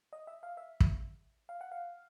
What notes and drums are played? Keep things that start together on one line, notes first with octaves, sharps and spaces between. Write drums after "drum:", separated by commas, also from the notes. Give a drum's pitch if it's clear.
D#5
E5
F5
E5
drum: kick
F5
F#5
F5